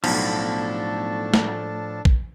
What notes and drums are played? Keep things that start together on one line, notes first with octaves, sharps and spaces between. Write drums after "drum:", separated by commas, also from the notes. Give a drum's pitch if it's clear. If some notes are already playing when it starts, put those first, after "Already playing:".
B1 A2 F3 D4 A4, drum: cymbal
drum: snare
drum: kick